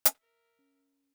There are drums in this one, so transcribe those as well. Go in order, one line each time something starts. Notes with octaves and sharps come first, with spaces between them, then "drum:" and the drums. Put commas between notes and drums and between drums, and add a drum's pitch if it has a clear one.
drum: hi-hat
A#4 E5
C#4